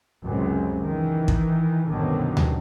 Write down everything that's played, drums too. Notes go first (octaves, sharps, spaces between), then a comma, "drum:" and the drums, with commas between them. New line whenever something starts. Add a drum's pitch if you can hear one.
C#2 F#2 C3
D#3 E3
drum: kick
C2 F#2 B2 D3 D#3 F#3
drum: tom D2